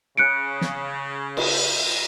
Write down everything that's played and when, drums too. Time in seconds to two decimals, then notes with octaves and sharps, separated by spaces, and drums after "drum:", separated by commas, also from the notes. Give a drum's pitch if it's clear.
0.17 C#3 F#6 C#7 D7
0.61 drum: snare
1.37 drum: cymbal